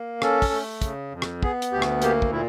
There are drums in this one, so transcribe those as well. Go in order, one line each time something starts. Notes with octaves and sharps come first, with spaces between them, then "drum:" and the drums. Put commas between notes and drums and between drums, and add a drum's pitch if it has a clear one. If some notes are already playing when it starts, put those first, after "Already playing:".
Already playing: A#3
C#4 A4, drum: rim click
drum: kick, open hi-hat
A3
C#3, drum: kick, hi-hat
F2
drum: rim click
B3 G#4, drum: kick
drum: hi-hat
D2 G4
drum: rim click
A#3 G4, drum: hi-hat
drum: kick
A#2 E4